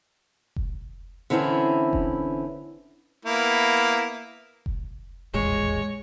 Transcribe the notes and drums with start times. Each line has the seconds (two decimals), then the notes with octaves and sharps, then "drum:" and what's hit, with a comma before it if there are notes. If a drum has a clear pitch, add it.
0.56 drum: kick F1
1.30 D3 E3 C4 C#4 E4
1.93 drum: kick F1
3.25 A#3 B3 E4
4.66 drum: kick F1
5.34 D#1 A1 E2 G#3 C#5